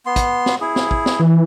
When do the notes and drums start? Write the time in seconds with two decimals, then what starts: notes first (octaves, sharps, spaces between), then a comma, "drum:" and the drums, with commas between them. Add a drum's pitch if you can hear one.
0.06 B3 C6
0.16 drum: kick, hi-hat
0.46 drum: snare
0.61 E4 G#4
0.76 drum: snare
0.91 drum: kick
1.06 drum: snare
1.19 E3